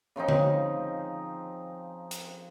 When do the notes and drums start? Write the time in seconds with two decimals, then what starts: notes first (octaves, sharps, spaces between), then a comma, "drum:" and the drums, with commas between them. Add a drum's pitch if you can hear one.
0.16 C#3 F3 C4 D#4
0.28 drum: tom D3
2.11 drum: hi-hat